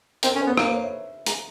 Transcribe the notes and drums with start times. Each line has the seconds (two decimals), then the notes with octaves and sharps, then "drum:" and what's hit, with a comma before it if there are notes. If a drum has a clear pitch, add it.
0.23 C4 A#4, drum: hi-hat
0.31 C#4 A4
0.41 C5
0.47 B3 B4
0.57 A#3 B4, drum: rim click
0.67 C5
0.75 C#5
0.84 E5
1.26 G#3 A#5, drum: hi-hat